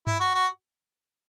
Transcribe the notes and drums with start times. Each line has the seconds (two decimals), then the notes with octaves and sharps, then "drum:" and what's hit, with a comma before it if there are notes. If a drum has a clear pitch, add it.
0.07 E4, drum: tom G2
0.20 F#4
0.34 F#4